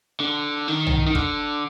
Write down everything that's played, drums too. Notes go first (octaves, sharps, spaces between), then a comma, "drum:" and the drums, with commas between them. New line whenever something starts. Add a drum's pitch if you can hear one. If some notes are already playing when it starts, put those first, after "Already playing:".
D3
D#3
drum: tom
D#3
D3, drum: kick